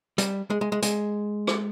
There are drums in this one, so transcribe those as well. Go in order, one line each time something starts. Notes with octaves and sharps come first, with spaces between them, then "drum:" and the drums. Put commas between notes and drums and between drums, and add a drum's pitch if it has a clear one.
G3, drum: hi-hat
G#3
G#3
G#3
G#3, drum: hi-hat
drum: rim click